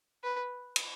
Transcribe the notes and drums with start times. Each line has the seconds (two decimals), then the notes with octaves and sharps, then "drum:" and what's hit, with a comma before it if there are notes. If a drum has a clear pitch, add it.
0.23 B4
0.76 drum: cymbal